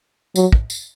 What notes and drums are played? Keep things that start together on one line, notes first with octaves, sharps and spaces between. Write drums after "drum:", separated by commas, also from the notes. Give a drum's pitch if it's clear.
F#3, drum: tambourine
drum: kick
drum: tambourine